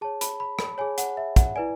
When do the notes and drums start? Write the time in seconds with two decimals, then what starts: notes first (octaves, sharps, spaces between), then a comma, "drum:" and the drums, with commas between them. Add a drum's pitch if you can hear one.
0.01 G#4 C#5 A5
0.21 B5, drum: hi-hat
0.40 B5
0.59 B5, drum: rim click
0.78 G#4 C#5 G#5
0.98 F#5, drum: hi-hat
1.17 E5
1.36 F#5, drum: kick, hi-hat
1.56 E4 B4 D5 G#5